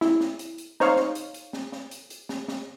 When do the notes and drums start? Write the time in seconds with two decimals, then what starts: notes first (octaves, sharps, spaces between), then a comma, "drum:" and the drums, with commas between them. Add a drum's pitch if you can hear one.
0.01 E4, drum: snare
0.20 drum: snare
0.39 drum: hi-hat
0.58 drum: hi-hat
0.80 D#4 C5 C#5 F5, drum: snare
0.96 drum: snare
1.15 drum: hi-hat
1.34 drum: hi-hat
1.53 drum: snare
1.72 drum: snare
1.91 drum: hi-hat
2.10 drum: hi-hat
2.29 drum: snare
2.48 drum: snare